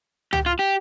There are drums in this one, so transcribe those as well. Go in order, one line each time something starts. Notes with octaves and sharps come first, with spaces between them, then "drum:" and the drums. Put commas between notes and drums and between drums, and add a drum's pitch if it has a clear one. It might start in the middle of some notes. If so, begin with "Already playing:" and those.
G4, drum: tom
F4
G4